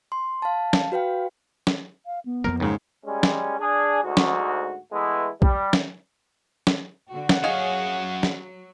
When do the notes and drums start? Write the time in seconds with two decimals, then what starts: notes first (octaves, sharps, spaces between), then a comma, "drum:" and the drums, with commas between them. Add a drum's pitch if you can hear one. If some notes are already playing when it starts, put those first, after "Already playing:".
0.12 C6
0.42 F5 A5
0.73 drum: snare
0.92 F#4 B4 F5 G5
1.67 drum: snare
2.06 F5
2.25 B3
2.44 F2 F3 A#3 A#4
2.60 D#2 G#2 C#3
3.06 G3 G#3 C#4
3.23 drum: snare
3.59 D4 G#4
4.04 D2 G#2 F#4
4.17 drum: snare
4.93 E3 G#3 A3 B3 E4
5.42 G3, drum: kick B1
5.73 drum: snare
6.67 drum: snare
7.09 D3 F#4 F#5
7.29 drum: snare
7.44 F#2 F#4 G#4 C#5 D#5 F5 G#5
7.97 F#3
8.23 drum: snare